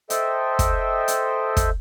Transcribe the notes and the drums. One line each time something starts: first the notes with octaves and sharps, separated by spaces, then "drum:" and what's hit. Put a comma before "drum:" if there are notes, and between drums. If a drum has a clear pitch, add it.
A4 C5 D#5 E5 G5, drum: hi-hat
drum: kick, hi-hat
drum: hi-hat
drum: kick, hi-hat